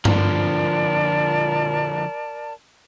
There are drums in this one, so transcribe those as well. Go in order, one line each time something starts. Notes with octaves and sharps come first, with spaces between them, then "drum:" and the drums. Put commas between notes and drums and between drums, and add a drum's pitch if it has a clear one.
D3 F3 A#4 D5 A5, drum: tom G2